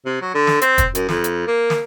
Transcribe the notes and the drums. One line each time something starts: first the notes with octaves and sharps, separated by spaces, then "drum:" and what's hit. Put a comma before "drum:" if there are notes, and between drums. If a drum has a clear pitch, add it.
C3
F#3
D3
drum: snare
C4, drum: hi-hat
drum: kick, hi-hat
F#2, drum: hi-hat
F2, drum: snare
drum: hi-hat
A#3
drum: snare